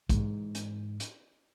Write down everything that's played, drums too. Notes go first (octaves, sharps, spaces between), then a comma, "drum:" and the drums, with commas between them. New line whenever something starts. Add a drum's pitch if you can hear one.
G#2 E3, drum: kick, hi-hat
drum: hi-hat
drum: hi-hat